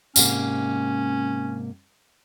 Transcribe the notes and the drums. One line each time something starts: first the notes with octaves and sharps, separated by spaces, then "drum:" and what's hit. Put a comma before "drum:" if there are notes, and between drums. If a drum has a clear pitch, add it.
G#2 C3 A#3 C#4, drum: tambourine